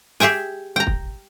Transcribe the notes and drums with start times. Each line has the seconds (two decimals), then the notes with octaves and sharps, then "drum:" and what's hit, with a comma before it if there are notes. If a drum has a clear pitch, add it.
0.20 G4 G#4 E5 G5 G#5, drum: snare
0.76 G5 A#5
0.87 drum: kick